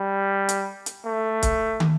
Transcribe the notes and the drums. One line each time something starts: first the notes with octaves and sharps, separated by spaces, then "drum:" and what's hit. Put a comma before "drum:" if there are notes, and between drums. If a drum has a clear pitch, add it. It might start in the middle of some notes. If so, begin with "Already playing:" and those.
Already playing: G3
drum: hi-hat
drum: hi-hat
A3
drum: kick, hi-hat
drum: tom